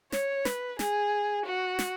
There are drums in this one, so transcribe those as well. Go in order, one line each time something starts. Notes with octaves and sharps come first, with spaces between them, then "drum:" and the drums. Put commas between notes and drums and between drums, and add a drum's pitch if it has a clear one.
C#5, drum: snare
B4, drum: snare
G#4, drum: snare
F#4
drum: snare